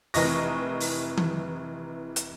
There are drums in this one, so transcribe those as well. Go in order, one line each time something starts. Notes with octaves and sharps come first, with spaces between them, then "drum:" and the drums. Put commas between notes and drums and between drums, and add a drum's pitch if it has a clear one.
F1 E3 A#4 D#5 C#6 A#6, drum: open hi-hat
drum: open hi-hat
drum: tom D#3
drum: hi-hat